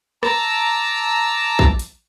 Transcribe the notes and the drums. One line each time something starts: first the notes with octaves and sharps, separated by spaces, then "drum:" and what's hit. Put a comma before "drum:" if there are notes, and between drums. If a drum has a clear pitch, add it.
A5 A#5 D6 E6, drum: rim click
drum: kick
drum: hi-hat